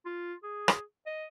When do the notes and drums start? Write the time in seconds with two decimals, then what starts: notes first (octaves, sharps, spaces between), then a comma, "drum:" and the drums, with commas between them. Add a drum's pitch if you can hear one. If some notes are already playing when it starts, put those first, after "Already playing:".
0.06 F4
0.43 G#4
0.68 drum: rim click
1.06 D#5